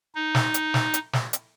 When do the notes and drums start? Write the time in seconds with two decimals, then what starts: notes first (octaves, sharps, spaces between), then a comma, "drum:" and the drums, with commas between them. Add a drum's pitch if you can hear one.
0.15 D#4
0.35 drum: snare
0.54 drum: hi-hat
0.74 drum: snare
0.94 drum: hi-hat
1.13 drum: snare
1.33 drum: hi-hat